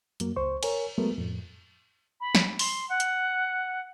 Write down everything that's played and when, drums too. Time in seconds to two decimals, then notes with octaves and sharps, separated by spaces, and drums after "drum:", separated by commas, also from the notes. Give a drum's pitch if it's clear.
0.20 F#2 F#3 A#3, drum: hi-hat
0.36 C#2 C5 C#6
0.63 A#4 C#5 G#5, drum: cymbal
0.98 F#3 G#3 A3 B3 A#4
1.18 F2 A2
2.21 B5
2.35 drum: snare
2.59 C6, drum: open hi-hat
2.89 F#5
3.00 drum: hi-hat